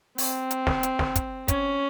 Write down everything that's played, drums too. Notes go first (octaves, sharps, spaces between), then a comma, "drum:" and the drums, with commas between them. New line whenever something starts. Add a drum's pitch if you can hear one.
C4, drum: open hi-hat
drum: hi-hat
drum: snare
drum: hi-hat
drum: snare
drum: kick, hi-hat
C#4, drum: kick, hi-hat